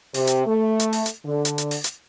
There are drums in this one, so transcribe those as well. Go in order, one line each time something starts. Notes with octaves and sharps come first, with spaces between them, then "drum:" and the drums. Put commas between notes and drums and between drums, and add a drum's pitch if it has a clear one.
C3, drum: open hi-hat
drum: hi-hat
A3
drum: hi-hat
drum: open hi-hat
drum: hi-hat
D3
drum: hi-hat
drum: hi-hat
drum: open hi-hat
drum: hi-hat